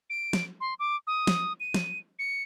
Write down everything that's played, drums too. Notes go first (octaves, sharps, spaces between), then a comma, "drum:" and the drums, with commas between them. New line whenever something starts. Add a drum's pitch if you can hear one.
D7
drum: snare
C6
D6
D#6
drum: snare
D#7
drum: snare
C#7